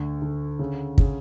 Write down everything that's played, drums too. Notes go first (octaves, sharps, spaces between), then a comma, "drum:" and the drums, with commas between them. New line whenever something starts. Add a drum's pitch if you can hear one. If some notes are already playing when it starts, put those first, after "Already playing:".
Already playing: D2 D3
D3
C#3
C#3, drum: kick